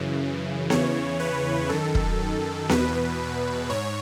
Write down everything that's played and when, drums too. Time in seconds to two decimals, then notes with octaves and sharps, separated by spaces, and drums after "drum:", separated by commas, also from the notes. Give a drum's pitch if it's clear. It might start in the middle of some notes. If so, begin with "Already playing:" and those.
Already playing: F#2 C#3 E3
0.70 E2 C#3 E3 C#5, drum: snare B3
1.20 B4
1.69 F#2 D#3 A4
1.95 drum: kick
2.69 E2 B2 B4, drum: snare B3
3.70 G#2 C#5